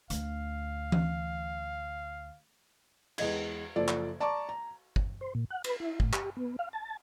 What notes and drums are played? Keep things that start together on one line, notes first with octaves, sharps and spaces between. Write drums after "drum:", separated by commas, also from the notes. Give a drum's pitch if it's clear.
D2 F5, drum: hi-hat
drum: tom E3
E2 G#3 D#5 G#6, drum: cymbal
F#1 F3 A4 D5
drum: clap
D5 A5 A#5 C#6 D6
A#5
drum: kick
C5
A#2
F#5
B4, drum: cymbal
E4
A2, drum: kick
G4, drum: clap
B3
F5
A5